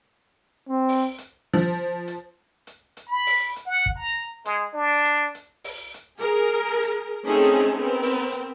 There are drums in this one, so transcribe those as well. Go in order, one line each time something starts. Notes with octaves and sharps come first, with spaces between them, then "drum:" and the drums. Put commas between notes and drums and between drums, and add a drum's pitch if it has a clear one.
C4
drum: open hi-hat
drum: hi-hat
F3
drum: hi-hat
drum: hi-hat
drum: hi-hat
B5
drum: open hi-hat
drum: hi-hat
F#5
drum: kick
A#5
G#3, drum: hi-hat
D4
drum: hi-hat
drum: hi-hat
drum: open hi-hat
drum: hi-hat
G#4 A#4
drum: hi-hat
A3 C4 C#4 D#4 G#4 A4
drum: hi-hat
B3 C4 A#4
drum: open hi-hat
drum: hi-hat